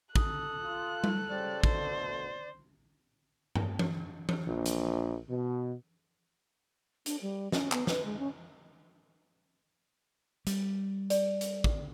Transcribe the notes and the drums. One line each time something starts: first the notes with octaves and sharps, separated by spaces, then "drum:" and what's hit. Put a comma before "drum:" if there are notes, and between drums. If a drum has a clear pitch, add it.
A4 D#6 F#6, drum: kick
F4
drum: tom G3
C#3 G4 C5 D5
B2 D3 A3 C5, drum: kick
drum: tom G2
drum: tom E3
drum: tom E3
A#1
drum: hi-hat
B2
D4, drum: hi-hat
G3
C#4, drum: snare
B3, drum: clap
B4, drum: snare
G#3
C#4
G3, drum: hi-hat
D5, drum: hi-hat
drum: hi-hat
drum: kick